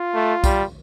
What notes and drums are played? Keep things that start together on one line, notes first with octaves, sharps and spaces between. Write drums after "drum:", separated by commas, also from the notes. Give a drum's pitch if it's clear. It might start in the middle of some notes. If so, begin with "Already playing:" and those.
Already playing: F4
A3
G3, drum: kick B1, tambourine